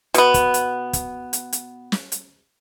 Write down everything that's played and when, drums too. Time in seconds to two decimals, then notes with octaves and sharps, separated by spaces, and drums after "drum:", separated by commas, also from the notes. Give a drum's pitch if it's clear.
0.14 B2 B3, drum: hi-hat
0.34 drum: kick, hi-hat
0.54 drum: hi-hat
0.93 drum: kick, hi-hat
1.33 drum: hi-hat
1.53 drum: hi-hat
1.92 drum: snare
2.12 drum: hi-hat